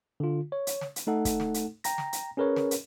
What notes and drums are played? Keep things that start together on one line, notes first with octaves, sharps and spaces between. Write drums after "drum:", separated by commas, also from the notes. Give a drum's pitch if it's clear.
D3 F4
C#5
drum: hi-hat
drum: snare
drum: hi-hat
A3 D#4 A4 F#5
drum: kick, hi-hat
drum: snare
drum: hi-hat
G5 A#5 A#6, drum: hi-hat
drum: snare
drum: hi-hat
C#4 G#4 A#4 B4 C#5
drum: snare
drum: hi-hat